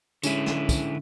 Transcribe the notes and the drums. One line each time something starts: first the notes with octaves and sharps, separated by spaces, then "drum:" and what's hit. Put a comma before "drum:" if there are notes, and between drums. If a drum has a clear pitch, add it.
D3 G#3 C#4 E4, drum: tambourine
drum: snare
drum: kick, tambourine